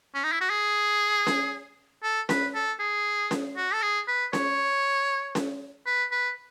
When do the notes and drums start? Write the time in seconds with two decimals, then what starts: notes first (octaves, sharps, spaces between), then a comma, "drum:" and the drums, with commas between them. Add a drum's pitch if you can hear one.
0.14 C#4
0.24 D#4
0.32 E4
0.41 F#4
0.50 G#4
1.27 drum: snare C#4
2.03 A4
2.29 B4, drum: snare C#4
2.54 A4
2.79 G#4
3.31 drum: snare C#4
3.57 F#4
3.73 A4
3.82 G#4
4.07 B4
4.33 C#5, drum: snare C#4
5.35 drum: snare C#4
5.86 B4
6.11 B4